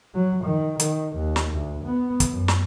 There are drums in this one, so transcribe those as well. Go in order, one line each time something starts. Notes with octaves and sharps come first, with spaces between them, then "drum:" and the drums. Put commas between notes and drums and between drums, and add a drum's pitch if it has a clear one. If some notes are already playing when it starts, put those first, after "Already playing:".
F#3
D#3
D#3, drum: hi-hat
D#2
drum: snare
D2
B3
drum: kick, hi-hat
F#2
drum: snare